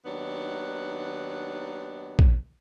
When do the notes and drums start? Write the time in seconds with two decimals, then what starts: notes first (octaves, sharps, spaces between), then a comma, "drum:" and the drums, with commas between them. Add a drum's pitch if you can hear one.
0.06 D#2 D#3 F#3 B3 D4
2.19 drum: kick